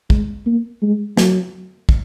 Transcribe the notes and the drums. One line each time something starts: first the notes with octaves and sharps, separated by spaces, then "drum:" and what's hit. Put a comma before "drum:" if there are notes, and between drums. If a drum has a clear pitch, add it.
G#3, drum: kick
A#3
G#3
F#3, drum: snare
drum: kick